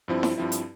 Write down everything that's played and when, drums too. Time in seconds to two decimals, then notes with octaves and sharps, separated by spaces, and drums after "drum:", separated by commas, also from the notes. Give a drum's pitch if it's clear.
0.08 G2 F3 C4 E4
0.23 drum: snare E4
0.38 G2 F3 C4 E4
0.52 drum: hi-hat